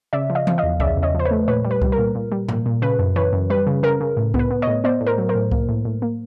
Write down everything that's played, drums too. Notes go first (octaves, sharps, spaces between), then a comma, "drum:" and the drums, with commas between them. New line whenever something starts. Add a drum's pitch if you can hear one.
C#3 D5 E5
F3
D#5 F5
F3, drum: tom E3
D#5 F5
E2
C#3 D5 E5, drum: kick C2
E2
C#5 D#5
F3 C5
B4 C#5
A3
A#2 B4 C#5
G3
B4
G3, drum: kick C2
A#4
A#2
A#2
G3
A#2, drum: tom G#2
A#2
C#3 B4
F#2
E3 B4 C#5
F#2
G3 B4
C#3
C#3 A#4
C#3
A2
B3, drum: kick C2
B4
B3
C#5 D#5
A2
B3 C5 D5
A2
A#4 C5
F#3
A#4 C5
A2
A#3, drum: kick C2
A2
A2
A#3